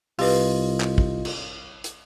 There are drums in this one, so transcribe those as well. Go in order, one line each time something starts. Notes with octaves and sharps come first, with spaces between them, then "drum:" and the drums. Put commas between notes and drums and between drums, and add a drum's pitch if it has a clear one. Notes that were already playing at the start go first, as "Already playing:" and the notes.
C2 F4 G4 B4 D#5, drum: open hi-hat
drum: clap
drum: kick
drum: cymbal
drum: hi-hat